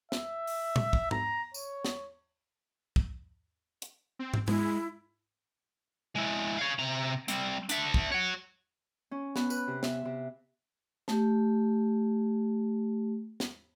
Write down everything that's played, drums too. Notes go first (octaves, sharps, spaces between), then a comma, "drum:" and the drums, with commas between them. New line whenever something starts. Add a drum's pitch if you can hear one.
E5, drum: snare
drum: open hi-hat
drum: tom
drum: kick
A#5, drum: tom G#2
C#5, drum: tambourine
drum: snare
drum: kick
drum: hi-hat
C4
drum: tom
G#3 E4, drum: tom G#2
G#3 E4
C#5 F5
C3 A#5
G3 C4, drum: hi-hat
D4 E5, drum: hi-hat
drum: kick
C#5 F#5
C#4
B3, drum: snare
B4, drum: tambourine
C3
E5, drum: snare
C3
A3 G4, drum: snare
drum: snare